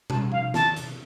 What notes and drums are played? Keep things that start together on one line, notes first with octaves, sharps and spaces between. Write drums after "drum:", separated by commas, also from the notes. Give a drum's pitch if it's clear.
A5, drum: tom
F5, drum: tom
A5, drum: snare
drum: hi-hat